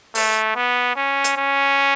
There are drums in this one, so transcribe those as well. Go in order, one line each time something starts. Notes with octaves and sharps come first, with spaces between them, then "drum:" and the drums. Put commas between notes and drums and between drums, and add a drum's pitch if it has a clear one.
A3, drum: open hi-hat
B3
C#4
drum: hi-hat
C#4